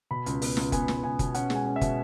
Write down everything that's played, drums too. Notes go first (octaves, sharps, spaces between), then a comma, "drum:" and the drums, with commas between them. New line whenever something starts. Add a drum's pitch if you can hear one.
B2 B5
C#2, drum: hi-hat
B3, drum: open hi-hat
C#2, drum: snare
B3 G#5, drum: kick, hi-hat
C#2, drum: snare
C#2 G#5
B2, drum: kick, hi-hat
C#4 F#5, drum: hi-hat
G#3, drum: snare
G#5
C#4
E5
B2, drum: kick, hi-hat